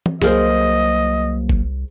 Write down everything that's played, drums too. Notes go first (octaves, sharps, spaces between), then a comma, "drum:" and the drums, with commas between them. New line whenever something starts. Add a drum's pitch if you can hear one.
drum: tom
C2 F#3 A#3 G#4 A#4 C5 D#5, drum: snare
drum: kick G1